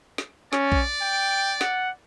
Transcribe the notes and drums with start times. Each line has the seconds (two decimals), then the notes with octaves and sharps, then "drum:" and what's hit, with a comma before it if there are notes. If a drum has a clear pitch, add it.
0.18 drum: snare
0.53 C#4 D5, drum: snare
0.72 drum: kick A#1
1.02 G5
1.61 F#5, drum: snare